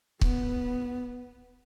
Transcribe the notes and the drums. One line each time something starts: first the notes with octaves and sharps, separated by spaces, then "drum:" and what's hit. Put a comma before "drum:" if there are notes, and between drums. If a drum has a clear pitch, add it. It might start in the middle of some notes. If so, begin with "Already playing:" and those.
B3, drum: kick C#1